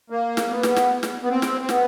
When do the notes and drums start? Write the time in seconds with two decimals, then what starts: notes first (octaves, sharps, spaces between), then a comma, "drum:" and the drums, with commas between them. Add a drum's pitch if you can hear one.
0.10 A#3
0.37 drum: snare
0.50 B3
0.63 drum: snare
0.76 drum: snare
1.03 drum: snare
1.23 B3
1.29 C4
1.42 drum: snare
1.61 C4
1.69 B3, drum: snare